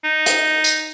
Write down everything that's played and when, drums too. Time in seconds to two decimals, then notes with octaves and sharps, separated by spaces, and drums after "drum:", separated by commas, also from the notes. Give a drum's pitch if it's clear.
0.04 D#4
0.26 drum: hi-hat
0.64 drum: tambourine